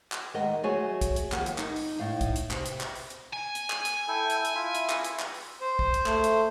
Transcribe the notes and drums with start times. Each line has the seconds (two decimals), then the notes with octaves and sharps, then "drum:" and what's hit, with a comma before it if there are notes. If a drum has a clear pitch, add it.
0.12 drum: clap
0.34 D#3 G#3 A3 A#4 D#5 F#5
0.63 F#3 A3 F#4 G#4 C#5 G#5
1.01 drum: kick, hi-hat
1.16 drum: hi-hat
1.32 D#2 F3 A#3 G4 F#5, drum: clap
1.46 drum: hi-hat
1.58 D#4, drum: clap
1.76 drum: open hi-hat
1.99 A2 D#4 F5
2.21 drum: kick, hi-hat
2.36 drum: hi-hat
2.51 C3, drum: clap
2.66 drum: hi-hat
2.81 drum: clap
2.95 drum: open hi-hat
3.10 drum: hi-hat
3.33 G#5
3.55 drum: hi-hat
3.70 drum: clap
3.85 drum: hi-hat
4.08 E4 A4 G5
4.30 drum: hi-hat
4.45 drum: hi-hat
4.55 E4 F4 E5
4.75 drum: hi-hat
4.89 drum: clap
5.04 drum: hi-hat
5.19 drum: clap
5.34 drum: open hi-hat
5.61 C5
5.79 drum: kick
5.94 drum: hi-hat
6.06 A3, drum: clap
6.24 drum: hi-hat